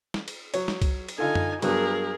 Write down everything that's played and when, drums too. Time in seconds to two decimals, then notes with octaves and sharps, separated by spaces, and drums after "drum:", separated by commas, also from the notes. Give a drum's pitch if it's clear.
0.14 drum: snare
0.28 drum: cymbal
0.54 F#3 C#5, drum: cymbal
0.68 drum: snare
0.82 drum: kick C2, cymbal
1.09 drum: cymbal
1.18 D3 D#4 F4 A4 G#5
1.35 drum: tom F#2
1.62 G2 F#3 B3 G#4 A#4, drum: cymbal